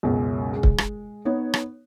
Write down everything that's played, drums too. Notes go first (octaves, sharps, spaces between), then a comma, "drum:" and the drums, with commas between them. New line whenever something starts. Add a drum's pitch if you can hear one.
C#2 F#2 B2
G#3
drum: kick C#1
drum: rim click
B3 D#4 C#5
drum: rim click